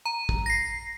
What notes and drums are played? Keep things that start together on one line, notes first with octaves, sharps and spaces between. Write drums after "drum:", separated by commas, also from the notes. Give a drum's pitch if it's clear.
A#5
drum: kick
A#6 C7